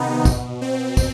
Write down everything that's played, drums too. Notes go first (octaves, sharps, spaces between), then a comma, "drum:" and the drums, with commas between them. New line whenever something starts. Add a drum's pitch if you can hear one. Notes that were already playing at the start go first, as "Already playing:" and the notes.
Already playing: C3 D#3 B3 D#4
B2, drum: kick, tambourine
C4
drum: kick, tambourine